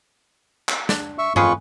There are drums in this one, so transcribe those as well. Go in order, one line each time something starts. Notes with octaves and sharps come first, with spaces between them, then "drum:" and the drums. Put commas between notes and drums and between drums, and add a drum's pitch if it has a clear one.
drum: clap
D4, drum: snare
E5 C#6
F2 C#4 F4 G#4 B4 C#6, drum: tom G2